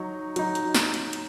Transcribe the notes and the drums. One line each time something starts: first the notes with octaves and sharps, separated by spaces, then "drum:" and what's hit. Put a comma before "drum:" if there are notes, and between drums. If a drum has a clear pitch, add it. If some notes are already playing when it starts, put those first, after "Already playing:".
Already playing: F#3 D#4 C#6
F#3 D#4, drum: hi-hat
drum: hi-hat
drum: snare
drum: hi-hat
drum: hi-hat